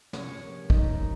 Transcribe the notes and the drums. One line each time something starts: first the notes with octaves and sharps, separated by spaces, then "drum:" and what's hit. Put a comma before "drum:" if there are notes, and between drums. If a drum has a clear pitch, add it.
C3 C#4 C#5, drum: snare
F3 A#3
C3 D#4 D#5, drum: kick
F3 A#3